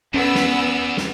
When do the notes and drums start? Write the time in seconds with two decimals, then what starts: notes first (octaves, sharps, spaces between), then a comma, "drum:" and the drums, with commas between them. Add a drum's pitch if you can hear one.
0.14 E2 B3 C#4 E6
0.35 drum: snare
0.97 drum: snare